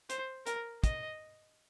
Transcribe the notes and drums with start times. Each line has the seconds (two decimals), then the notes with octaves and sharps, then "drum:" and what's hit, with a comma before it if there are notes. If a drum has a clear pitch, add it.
0.10 C5, drum: hi-hat
0.47 A#4, drum: hi-hat
0.84 D#5, drum: kick, hi-hat